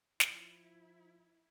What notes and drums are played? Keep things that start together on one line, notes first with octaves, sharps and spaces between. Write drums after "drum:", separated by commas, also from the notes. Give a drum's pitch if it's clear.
F3 E4, drum: snare